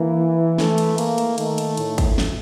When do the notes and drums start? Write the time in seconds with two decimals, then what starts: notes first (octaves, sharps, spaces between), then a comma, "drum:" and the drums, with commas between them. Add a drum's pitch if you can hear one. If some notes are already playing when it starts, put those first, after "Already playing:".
Already playing: E3 A#3
0.58 A3, drum: snare
0.78 drum: cymbal
0.98 A#3, drum: cymbal
1.18 drum: cymbal
1.38 D#3 A3, drum: cymbal
1.58 drum: cymbal
1.77 A2, drum: cymbal
1.98 drum: kick G#1, cymbal
2.18 drum: snare